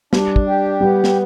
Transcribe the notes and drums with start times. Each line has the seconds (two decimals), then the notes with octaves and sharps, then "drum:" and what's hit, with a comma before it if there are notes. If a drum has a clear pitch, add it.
0.13 G3 D4, drum: snare
0.36 drum: kick
0.47 G4
0.81 G3 B3
1.04 drum: snare